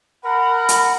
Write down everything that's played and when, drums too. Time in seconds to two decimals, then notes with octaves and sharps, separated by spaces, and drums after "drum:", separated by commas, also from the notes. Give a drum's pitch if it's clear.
0.24 A#4 F#5 B5
0.69 drum: hi-hat